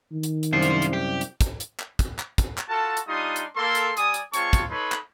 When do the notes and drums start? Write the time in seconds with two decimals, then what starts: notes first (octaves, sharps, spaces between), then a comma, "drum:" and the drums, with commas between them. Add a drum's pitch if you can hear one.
0.12 D#3
0.23 drum: hi-hat
0.43 drum: hi-hat
0.53 C2 F#2 F4 C5
0.62 drum: hi-hat
0.82 drum: hi-hat
0.93 G4
1.21 drum: hi-hat
1.41 drum: kick, hi-hat
1.60 drum: hi-hat
1.80 drum: clap
1.99 drum: kick, hi-hat
2.19 drum: clap
2.38 drum: kick, hi-hat
2.58 drum: clap
2.69 F4 F#4 A4 A5
2.97 drum: hi-hat
3.08 G3 D4 D#4 F4 C6 D#6
3.36 drum: hi-hat
3.56 A#3 A4 C6
3.75 drum: hi-hat
3.97 G3 D5 G#5 D#6, drum: hi-hat
4.14 drum: hi-hat
4.34 G#3 C4 F4 C#5 A5 C#6, drum: hi-hat
4.53 drum: kick, hi-hat
4.69 D#4 A4 B4 C#5 B5 C6
4.92 drum: clap